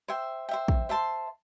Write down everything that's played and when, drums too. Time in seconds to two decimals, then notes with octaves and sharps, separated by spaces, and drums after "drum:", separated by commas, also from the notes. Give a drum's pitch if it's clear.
0.08 C5 E5 G5
0.49 C5 E5 G5
0.68 drum: kick
0.89 C5 E5 A5 C6